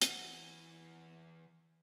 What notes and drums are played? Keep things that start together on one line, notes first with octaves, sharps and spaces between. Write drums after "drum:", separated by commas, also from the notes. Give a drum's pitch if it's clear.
E3 F#5, drum: hi-hat